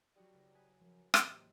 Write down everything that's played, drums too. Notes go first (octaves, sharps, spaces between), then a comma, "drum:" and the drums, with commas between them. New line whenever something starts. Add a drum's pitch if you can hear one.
F#3 G3 F#4 G#4
F#1
G#4 B4 G#5
F#2 F3
A2 C3 E3 F#3 G#3 A#3, drum: rim click